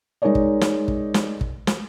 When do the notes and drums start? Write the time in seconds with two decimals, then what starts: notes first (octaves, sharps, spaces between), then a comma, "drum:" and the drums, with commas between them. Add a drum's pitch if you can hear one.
0.22 G#3 D#4 G#4 A#4 C#5 D5
0.35 drum: kick
0.61 drum: snare
0.88 drum: kick
1.14 drum: snare
1.41 drum: kick
1.67 drum: snare